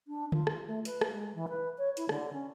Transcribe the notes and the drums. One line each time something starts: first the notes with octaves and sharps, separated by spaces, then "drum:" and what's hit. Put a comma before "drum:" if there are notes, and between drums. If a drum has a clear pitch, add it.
D4
F4, drum: tom
drum: rim click
A3
B4, drum: hi-hat
drum: rim click
G#3
E3
B4
C#5
E4, drum: hi-hat
D3, drum: rim click
C#4